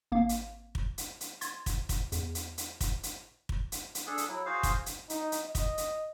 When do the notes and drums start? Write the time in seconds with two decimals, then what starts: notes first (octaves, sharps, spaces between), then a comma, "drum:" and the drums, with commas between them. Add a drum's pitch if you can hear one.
0.12 G#1 A#3 F5
0.29 drum: hi-hat
0.75 drum: kick
0.98 drum: hi-hat
1.21 drum: hi-hat
1.41 C6 G#6 A6, drum: hi-hat
1.66 drum: kick, hi-hat
1.89 drum: kick, hi-hat
2.12 E2, drum: hi-hat
2.35 drum: hi-hat
2.58 drum: hi-hat
2.81 drum: kick, hi-hat
3.03 drum: hi-hat
3.49 drum: kick
3.72 drum: hi-hat
3.95 drum: hi-hat
4.07 D4 G#4 A4
4.18 drum: hi-hat
4.29 F#3 E4
4.46 F#4 G#4 C5 F5
4.63 drum: kick, hi-hat
4.86 drum: hi-hat
5.10 D#4, drum: hi-hat
5.32 drum: hi-hat
5.45 D#5
5.55 drum: kick, hi-hat
5.78 drum: hi-hat